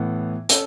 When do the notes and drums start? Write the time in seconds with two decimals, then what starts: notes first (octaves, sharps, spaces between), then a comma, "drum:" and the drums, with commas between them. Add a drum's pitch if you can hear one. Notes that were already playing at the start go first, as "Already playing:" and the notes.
Already playing: A2 E3 B3
0.49 C#4 A4, drum: hi-hat